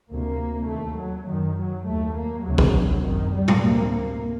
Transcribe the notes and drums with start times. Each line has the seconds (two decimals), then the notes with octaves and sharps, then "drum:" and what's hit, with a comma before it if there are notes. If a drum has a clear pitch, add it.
0.11 D2 C3 A#3
0.69 D#2 A3
0.99 F#3
1.28 F#2 D#3
1.58 F#3
1.87 D#2 A3
2.16 A#3
2.45 D2 C3 F#3
2.58 drum: kick A1
3.05 F#2 D#3
3.34 G3
3.48 drum: tom A2
3.64 D2 C3 A#3
3.93 A#3